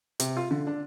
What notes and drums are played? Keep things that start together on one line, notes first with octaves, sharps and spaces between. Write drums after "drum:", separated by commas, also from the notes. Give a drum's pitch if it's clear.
C3, drum: hi-hat
F4
D3
D4